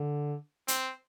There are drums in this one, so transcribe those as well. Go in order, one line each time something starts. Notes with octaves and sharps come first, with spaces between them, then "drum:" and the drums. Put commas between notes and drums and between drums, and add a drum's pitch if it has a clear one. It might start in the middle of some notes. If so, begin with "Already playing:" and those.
Already playing: D3
C4, drum: hi-hat